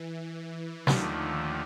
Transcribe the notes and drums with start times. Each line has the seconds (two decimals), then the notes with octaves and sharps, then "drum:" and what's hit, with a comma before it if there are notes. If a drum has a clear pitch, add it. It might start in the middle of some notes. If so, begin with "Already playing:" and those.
Already playing: E3
0.87 D#2 D3 D#3 F3 A3, drum: snare